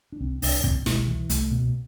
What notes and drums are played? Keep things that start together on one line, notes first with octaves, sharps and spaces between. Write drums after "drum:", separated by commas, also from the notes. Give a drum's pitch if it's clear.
D4
C2 C4
C2 D4, drum: open hi-hat
C2 C4, drum: kick
B2 G#3, drum: snare
C2 E3
C2 A3, drum: hi-hat
B2 B3